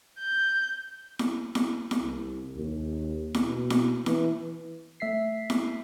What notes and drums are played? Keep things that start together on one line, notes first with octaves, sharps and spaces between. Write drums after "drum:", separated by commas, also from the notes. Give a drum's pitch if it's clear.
G6
drum: snare E4
drum: snare E4
drum: snare E4
C2
D#2
drum: snare E4
B2
drum: snare E4
E3, drum: snare E4
A3 E5 B6 C7
drum: snare E4